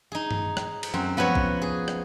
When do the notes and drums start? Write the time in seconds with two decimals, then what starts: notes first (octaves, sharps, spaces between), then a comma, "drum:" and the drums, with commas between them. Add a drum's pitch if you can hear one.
0.12 D#4 G#4
0.31 drum: tom G2
0.57 drum: rim click
0.83 drum: cymbal
0.94 F#2 C4
1.17 F3 B3 F#4 C#5
1.35 drum: kick
1.62 G#4
1.88 drum: rim click